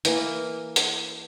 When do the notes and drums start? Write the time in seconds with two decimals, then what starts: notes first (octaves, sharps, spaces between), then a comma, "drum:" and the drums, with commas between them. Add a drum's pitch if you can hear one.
0.05 E3 A#3 D6, drum: hi-hat
0.76 drum: hi-hat